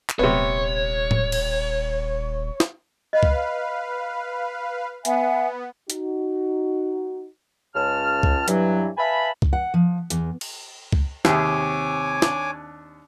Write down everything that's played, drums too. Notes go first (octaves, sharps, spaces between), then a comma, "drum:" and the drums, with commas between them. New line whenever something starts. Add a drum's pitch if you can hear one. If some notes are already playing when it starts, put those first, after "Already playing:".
drum: clap
D#1 C3 B3 C#5
drum: tom A2
drum: cymbal
drum: snare
B4 D#5 F5
drum: kick
B3 E5 F#5 G#5, drum: hi-hat
D#4 F#4, drum: hi-hat
C#2 C#3 A5 F6
drum: kick
G2 E3 F#3, drum: hi-hat
B4 E5 F5 G#5 A5 B5
drum: kick
F#5
F3
E2, drum: hi-hat
drum: cymbal
drum: kick
D#2 C3 G4 G#4 C#5 G#5 D6, drum: snare
D4, drum: snare